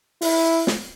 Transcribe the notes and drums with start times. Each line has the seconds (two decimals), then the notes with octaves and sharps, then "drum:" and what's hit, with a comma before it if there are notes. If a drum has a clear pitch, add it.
0.22 E4, drum: open hi-hat
0.67 drum: snare